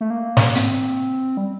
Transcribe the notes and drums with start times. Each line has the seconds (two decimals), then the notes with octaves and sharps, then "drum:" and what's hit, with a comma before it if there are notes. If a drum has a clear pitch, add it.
0.01 A3
0.10 A#3
0.37 drum: snare
0.55 C4, drum: hi-hat
1.37 G3